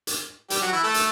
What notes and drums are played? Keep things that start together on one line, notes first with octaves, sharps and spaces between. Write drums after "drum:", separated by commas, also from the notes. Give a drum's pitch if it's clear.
drum: hi-hat
G3 G4, drum: hi-hat
F#3 F#4
E3 E4
A3 A4
drum: hi-hat